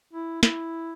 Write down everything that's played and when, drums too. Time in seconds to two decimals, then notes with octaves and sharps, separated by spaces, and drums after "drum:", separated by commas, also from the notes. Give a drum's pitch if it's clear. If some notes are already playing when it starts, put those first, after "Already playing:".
0.13 E4
0.43 E4, drum: snare